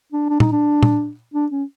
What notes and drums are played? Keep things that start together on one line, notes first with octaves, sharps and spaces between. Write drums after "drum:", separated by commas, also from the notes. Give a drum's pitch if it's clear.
D4
D4
D#4, drum: tom A#2
D4
drum: tom A#2
D4
C#4